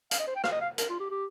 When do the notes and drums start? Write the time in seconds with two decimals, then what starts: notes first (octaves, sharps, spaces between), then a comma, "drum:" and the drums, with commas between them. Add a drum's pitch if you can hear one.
0.11 F5, drum: hi-hat
0.19 D#5
0.27 C5
0.36 G5
0.44 F5, drum: rim click
0.52 D#5
0.61 F5
0.78 A#4, drum: hi-hat
0.89 F4
1.00 G4
1.10 G4